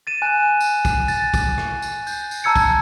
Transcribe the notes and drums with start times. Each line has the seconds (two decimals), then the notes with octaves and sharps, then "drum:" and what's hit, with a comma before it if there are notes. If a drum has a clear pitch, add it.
0.07 A6 D#7 E7
0.22 G#5 F#6
0.60 drum: tambourine
0.85 drum: kick, tambourine
1.08 A6, drum: tambourine
1.34 drum: kick, tambourine
1.58 drum: rim click
1.82 drum: tambourine
2.07 G6, drum: tambourine
2.31 drum: tambourine
2.44 A5 A#5 E6 G#6 C#7
2.56 drum: kick, tambourine